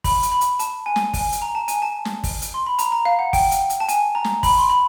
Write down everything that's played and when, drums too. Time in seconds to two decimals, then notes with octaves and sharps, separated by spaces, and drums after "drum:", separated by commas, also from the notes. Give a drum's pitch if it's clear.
0.04 B5, drum: kick, open hi-hat
0.23 drum: hi-hat
0.32 B5
0.41 drum: hi-hat
0.59 A5, drum: hi-hat
0.86 G#5
0.96 drum: snare
1.14 G#5, drum: kick, open hi-hat
1.32 drum: hi-hat
1.42 A#5
1.55 A5
1.68 G#5, drum: hi-hat
1.82 A5
2.05 drum: snare
2.24 drum: kick, open hi-hat
2.42 drum: hi-hat
2.54 C6
2.66 B5
2.79 A#5, drum: hi-hat
2.92 A#5
3.05 F5
3.19 F#5
3.33 G5, drum: kick, open hi-hat
3.51 drum: hi-hat
3.70 drum: hi-hat
3.80 A5
3.89 G#5, drum: hi-hat
4.15 A#5
4.24 drum: snare
4.43 B5, drum: kick, open hi-hat
4.58 C6
4.70 B5